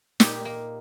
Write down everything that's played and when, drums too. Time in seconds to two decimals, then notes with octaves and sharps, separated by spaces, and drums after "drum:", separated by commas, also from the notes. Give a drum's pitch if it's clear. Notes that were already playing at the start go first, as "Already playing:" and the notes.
0.20 A#2 D#4 G4, drum: snare
0.45 A#3